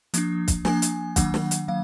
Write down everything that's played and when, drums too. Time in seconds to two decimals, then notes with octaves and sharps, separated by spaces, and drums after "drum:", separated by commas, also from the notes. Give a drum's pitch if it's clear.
0.14 F3 A#3 D4, drum: hi-hat
0.48 drum: kick, hi-hat
0.65 F3 A#3 D4 G#5, drum: snare
0.82 drum: hi-hat
1.16 D#3 F#3 A#3 D4 F#5, drum: kick, hi-hat
1.34 drum: snare
1.51 drum: hi-hat
1.68 F#3 A#3 F5